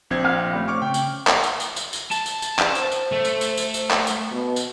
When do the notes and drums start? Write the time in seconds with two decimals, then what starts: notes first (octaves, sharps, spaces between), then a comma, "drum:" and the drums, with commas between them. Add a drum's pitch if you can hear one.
0.10 A#1 C4 G#6
0.24 F5
0.53 G3 A3 C#4
0.68 C4 C#6 D6 F6
0.82 C#3 G5
0.94 drum: tambourine
1.27 drum: clap
1.44 drum: tambourine
1.60 drum: tambourine
1.76 drum: tambourine
1.93 drum: tambourine
2.11 A5, drum: tambourine
2.26 drum: tambourine
2.42 drum: tambourine
2.59 drum: clap
2.75 C5, drum: tambourine
2.92 drum: tambourine
3.12 A3
3.25 drum: tambourine
3.41 drum: tambourine
3.58 drum: tambourine
3.74 drum: tambourine
3.90 drum: clap
4.07 drum: tambourine
4.31 B2
4.56 drum: tambourine